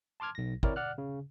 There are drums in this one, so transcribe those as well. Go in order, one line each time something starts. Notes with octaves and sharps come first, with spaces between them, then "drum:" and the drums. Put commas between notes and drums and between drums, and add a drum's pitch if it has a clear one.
A5 C6 D6 F6 G#6
B1 A#6
C4 E4 A#4 C#5 D5, drum: kick
D5 F#5 F6 F#6
C#3